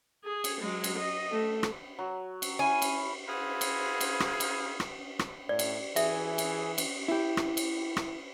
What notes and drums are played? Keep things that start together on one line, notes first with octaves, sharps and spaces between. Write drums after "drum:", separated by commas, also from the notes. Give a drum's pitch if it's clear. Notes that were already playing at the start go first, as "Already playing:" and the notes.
G#4
drum: cymbal
F#3 G#3
drum: cymbal
D#5
A3
drum: rim click
F#3
drum: cymbal
C#4 E4 G#5
drum: cymbal
E4 F#4 G#4 B4 C5 F5
drum: cymbal
drum: cymbal
drum: rim click
drum: cymbal
drum: rim click
drum: rim click
A2 D5
drum: cymbal
E3 G#4 E5, drum: cymbal
drum: cymbal
drum: cymbal
E4 G4
drum: rim click
drum: cymbal
drum: rim click